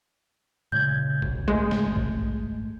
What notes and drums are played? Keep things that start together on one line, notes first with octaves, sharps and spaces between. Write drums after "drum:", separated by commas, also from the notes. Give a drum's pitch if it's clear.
A#2 C#3 G#3 G6 G#6
D2 C#3, drum: kick
G#1 G#3 A3
drum: snare
drum: kick